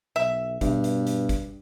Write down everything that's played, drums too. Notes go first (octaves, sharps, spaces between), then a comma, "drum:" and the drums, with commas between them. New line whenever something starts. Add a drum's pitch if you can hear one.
B1 E5
G2 B2, drum: kick, hi-hat
drum: hi-hat
drum: hi-hat
drum: kick, hi-hat